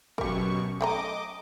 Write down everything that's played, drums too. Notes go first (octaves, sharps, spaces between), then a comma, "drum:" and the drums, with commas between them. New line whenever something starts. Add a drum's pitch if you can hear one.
F#2 B2 G4 A#4 C#6, drum: kick
A3 D#5 G5 A#5 D6